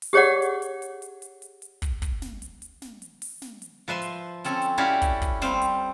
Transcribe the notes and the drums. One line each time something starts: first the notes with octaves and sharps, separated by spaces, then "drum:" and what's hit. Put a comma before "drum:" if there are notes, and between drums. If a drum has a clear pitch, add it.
drum: open hi-hat
G4 G#4 C#5 D5 F#5
drum: hi-hat
drum: hi-hat
drum: hi-hat
drum: hi-hat
drum: hi-hat
drum: hi-hat
drum: hi-hat
drum: kick, hi-hat
drum: kick, hi-hat
drum: snare
drum: hi-hat
drum: hi-hat
drum: snare
drum: hi-hat
drum: open hi-hat
drum: snare
drum: hi-hat
F3 B4 E5 C6
drum: hi-hat
C4 C#4 A4, drum: hi-hat
drum: hi-hat
C#4 E4 F#4 G4 D5 F5
drum: kick, hi-hat
drum: kick, hi-hat
G3 C4 C5 F5, drum: snare
drum: hi-hat